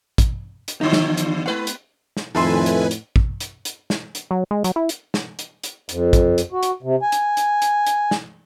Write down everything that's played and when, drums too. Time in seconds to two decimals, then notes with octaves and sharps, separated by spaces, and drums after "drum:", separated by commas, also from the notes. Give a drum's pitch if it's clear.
0.18 drum: kick, hi-hat
0.68 drum: hi-hat
0.81 E2 G2 D3 F3 F#3 D#4
0.93 drum: snare
1.17 drum: hi-hat
1.46 A3 B3 E4 B4 F#5
1.67 drum: hi-hat
2.17 drum: snare
2.35 F2 A2 D#3 A4 B4 E5 G#5 C6
2.66 drum: hi-hat
2.91 drum: hi-hat
3.16 drum: kick
3.40 drum: hi-hat
3.65 drum: hi-hat
3.90 drum: snare
4.15 drum: hi-hat
4.31 F#3
4.51 G#3
4.64 F#3, drum: hi-hat
4.76 E4
4.89 drum: hi-hat
5.14 drum: snare
5.39 drum: hi-hat
5.64 drum: hi-hat
5.89 F2, drum: hi-hat
6.13 drum: kick, hi-hat
6.38 drum: hi-hat
6.52 F#4
6.63 drum: hi-hat
6.83 C3
7.02 G#5
7.12 drum: hi-hat
7.37 drum: hi-hat
7.62 drum: hi-hat
7.87 drum: hi-hat
8.11 drum: snare